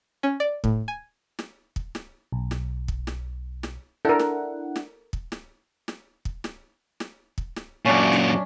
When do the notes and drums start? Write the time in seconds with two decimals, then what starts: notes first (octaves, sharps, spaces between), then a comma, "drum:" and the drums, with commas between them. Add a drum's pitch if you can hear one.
0.23 C#4
0.40 D5
0.64 A2, drum: kick
0.88 G#5
1.39 drum: snare
1.76 drum: kick
1.95 drum: snare
2.32 B1
2.51 drum: snare
2.88 drum: kick
3.07 drum: snare
3.63 drum: snare
4.05 D4 E4 A4 A#4 F#5
4.19 drum: snare
4.76 drum: snare
5.13 drum: kick
5.32 drum: snare
5.88 drum: snare
6.25 drum: kick
6.44 drum: snare
7.00 drum: snare
7.38 drum: kick
7.56 drum: snare
7.85 F#2 A#2 C#4 D4
8.13 drum: snare